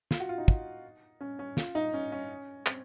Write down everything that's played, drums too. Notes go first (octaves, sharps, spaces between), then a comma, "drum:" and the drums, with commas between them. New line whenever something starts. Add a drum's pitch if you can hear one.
F4, drum: snare
F#4
F4
D#4
drum: kick
C#4
C#4
F4, drum: snare
D#4
C#4
C#4
C4, drum: clap